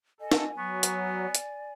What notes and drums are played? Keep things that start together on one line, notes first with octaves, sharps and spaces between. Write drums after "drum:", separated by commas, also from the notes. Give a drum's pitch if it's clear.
A4 D#5 G#5
drum: snare D#4
F#3 B3 C#6
drum: hi-hat
D5
drum: hi-hat